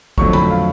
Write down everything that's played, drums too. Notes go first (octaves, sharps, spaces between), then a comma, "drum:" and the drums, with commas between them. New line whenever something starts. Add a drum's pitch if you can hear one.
F2 D3 F#3 A3 C#6, drum: kick
B5, drum: tom D3
F5